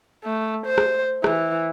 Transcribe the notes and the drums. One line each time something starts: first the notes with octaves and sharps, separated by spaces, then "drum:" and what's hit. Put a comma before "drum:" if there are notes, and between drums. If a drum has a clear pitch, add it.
A3
C5
drum: rim click
E3, drum: rim click